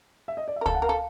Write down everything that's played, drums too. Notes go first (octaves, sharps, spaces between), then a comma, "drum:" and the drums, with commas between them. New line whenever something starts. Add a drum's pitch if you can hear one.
E5
D#5
D5
E5
A#4
A4 F5, drum: kick
F#5
A#4 F5
A4